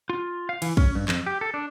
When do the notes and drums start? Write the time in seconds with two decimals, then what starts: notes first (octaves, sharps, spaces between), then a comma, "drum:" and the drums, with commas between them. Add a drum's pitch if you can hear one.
0.10 F4
0.49 F5
0.62 E3, drum: cymbal
0.77 C#4, drum: kick
0.95 G2
1.08 F2, drum: clap
1.26 G4
1.41 A4
1.54 D4